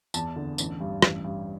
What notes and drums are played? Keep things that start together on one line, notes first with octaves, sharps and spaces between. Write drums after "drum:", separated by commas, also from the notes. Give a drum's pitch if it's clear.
E2 A5, drum: tambourine
D3
A1, drum: tambourine
G2
A1, drum: rim click
G2